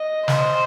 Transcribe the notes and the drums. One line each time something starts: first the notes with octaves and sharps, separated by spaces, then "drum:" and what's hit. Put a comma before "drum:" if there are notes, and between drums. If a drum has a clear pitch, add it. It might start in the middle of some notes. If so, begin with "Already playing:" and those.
Already playing: D#5
C5, drum: snare